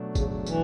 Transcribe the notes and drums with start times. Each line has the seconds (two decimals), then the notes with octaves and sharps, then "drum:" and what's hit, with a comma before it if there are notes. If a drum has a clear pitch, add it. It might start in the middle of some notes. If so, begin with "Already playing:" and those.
Already playing: B2 F#3 A3 D4
0.15 C#3, drum: kick G1, tambourine
0.46 E3, drum: tambourine